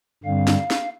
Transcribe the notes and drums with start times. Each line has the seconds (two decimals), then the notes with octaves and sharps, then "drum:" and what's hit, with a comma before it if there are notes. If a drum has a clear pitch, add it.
0.24 G2 D3 G3 C4 F5
0.47 drum: snare
0.71 drum: snare